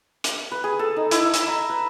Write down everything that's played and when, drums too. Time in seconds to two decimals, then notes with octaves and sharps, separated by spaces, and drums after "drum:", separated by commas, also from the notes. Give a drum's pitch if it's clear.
0.24 drum: hi-hat
0.52 B4
0.64 G#4
0.79 A4
0.96 D#4
1.11 E4, drum: hi-hat
1.33 E5, drum: hi-hat
1.48 A#5
1.69 B4